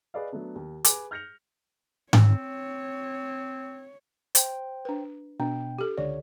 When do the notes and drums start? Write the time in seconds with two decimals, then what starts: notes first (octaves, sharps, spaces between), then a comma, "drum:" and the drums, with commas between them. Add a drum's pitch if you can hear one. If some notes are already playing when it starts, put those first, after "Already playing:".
0.14 G#4 B4 D5 D#5 F5
0.33 F#3 A3 B3 D4
0.55 D#2
0.84 G#4 B4 G#5 D6, drum: hi-hat
1.11 F6 G6 A#6 C#7 F7
2.13 C4 C#5, drum: tom G#2
4.35 C5 G5, drum: hi-hat
4.85 D4 B4
5.40 B2 D4 G5
5.79 G4 A4
5.98 C#2 D3 C#5 D5